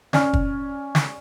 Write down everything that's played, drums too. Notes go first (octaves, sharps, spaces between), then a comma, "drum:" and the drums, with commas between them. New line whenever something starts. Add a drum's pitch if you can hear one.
C#4 D5 G#5 F6, drum: snare
drum: kick
drum: snare